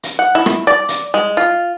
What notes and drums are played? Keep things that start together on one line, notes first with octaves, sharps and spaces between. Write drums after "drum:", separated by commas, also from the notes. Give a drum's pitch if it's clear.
drum: hi-hat
F#5
E4
drum: rim click
D5
drum: hi-hat
G#3
F4